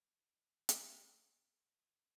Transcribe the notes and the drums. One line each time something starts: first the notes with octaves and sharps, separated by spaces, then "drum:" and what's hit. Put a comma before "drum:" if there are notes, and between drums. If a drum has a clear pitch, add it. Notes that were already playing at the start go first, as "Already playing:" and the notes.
G2 E3
drum: hi-hat